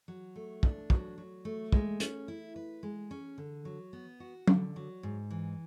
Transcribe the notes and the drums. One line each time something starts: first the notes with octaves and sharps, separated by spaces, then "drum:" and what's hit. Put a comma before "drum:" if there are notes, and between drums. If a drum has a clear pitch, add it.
F#3
A3
D4, drum: kick
F#3, drum: kick
F#3
A3
G#3, drum: kick
C#4, drum: hi-hat
E4
B4
G#3
C#4
D3
F#3
B3
F#4
D3, drum: tom
F#3
G#2
E3